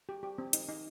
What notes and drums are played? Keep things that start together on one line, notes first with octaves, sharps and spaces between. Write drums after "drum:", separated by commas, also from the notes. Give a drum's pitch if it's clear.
G4
G4
C4
D#4, drum: hi-hat
D#4